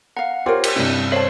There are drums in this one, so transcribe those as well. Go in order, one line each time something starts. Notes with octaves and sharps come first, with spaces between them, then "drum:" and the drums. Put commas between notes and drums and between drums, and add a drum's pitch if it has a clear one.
F5 F#5 A#5
F4 G4 A#4 C5 C#5 G5 C6
B6, drum: cymbal
G2 C3 E4 D#5
C5 C#5 E5 A5 C7